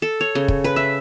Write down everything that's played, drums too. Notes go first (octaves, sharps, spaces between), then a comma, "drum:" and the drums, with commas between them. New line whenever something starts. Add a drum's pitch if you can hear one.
A4
C#5
C#3
drum: kick
B4
E5